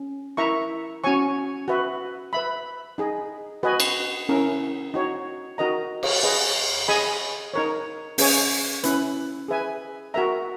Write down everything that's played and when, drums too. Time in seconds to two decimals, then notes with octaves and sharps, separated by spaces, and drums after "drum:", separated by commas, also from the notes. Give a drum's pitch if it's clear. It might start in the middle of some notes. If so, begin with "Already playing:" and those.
Already playing: C#4
0.37 E4 A#4 E5 A#5 C#6
1.04 C#4 F#4 C#5 G#5 C#6
1.68 F#4 B4 E5
2.33 B4 E5 B5
2.98 D#4 G#4 D#5
3.63 F#4 B4 D#5 G#5
3.80 drum: cymbal
4.29 C#4 E4 A#4
4.94 D#4 F#4 C#5
5.58 D#4 F#4 A#4 D#5 A#5
6.03 drum: cymbal
6.23 G#4 B4 D#5
6.88 G#4 D#5 G#5 B5
7.54 D#4 A#4 C#5
8.18 C#4 G#4 C#5 G#5, drum: open hi-hat
8.84 C#4 E4 B4, drum: hi-hat
9.48 G#4 B4 E5 G#5
10.14 F#4 A#4 E5 A#5